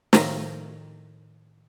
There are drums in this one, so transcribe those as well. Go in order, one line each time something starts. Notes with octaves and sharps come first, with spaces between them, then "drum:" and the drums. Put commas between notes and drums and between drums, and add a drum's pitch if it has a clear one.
A2 D#3 F3 F4 E5 A#5, drum: snare